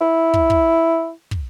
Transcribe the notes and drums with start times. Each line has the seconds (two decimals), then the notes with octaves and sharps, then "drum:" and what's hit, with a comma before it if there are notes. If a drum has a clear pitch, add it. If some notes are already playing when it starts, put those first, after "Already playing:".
0.01 E4
0.34 drum: kick
0.50 drum: kick
1.31 drum: kick